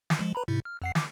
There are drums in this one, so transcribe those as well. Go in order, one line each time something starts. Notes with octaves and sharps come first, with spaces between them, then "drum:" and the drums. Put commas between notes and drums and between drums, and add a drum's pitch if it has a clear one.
drum: snare
F3 G#3
B4 A#5 B5
G#2 C3 E4
F6
F2 F#5 C7
D6, drum: snare